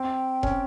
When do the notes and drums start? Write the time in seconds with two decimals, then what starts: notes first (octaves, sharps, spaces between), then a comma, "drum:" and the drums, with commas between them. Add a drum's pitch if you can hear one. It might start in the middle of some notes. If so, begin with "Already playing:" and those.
Already playing: C4 G5
0.43 C#4, drum: kick F1